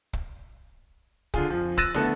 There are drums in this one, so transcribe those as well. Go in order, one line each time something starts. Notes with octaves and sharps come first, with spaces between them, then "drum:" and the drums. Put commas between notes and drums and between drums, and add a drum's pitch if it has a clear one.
drum: kick
D3 F4 G#4, drum: kick
F2 F3
E6 F#6 A6 A#6 D#7 E7, drum: kick
D3 A3 B3 A4, drum: snare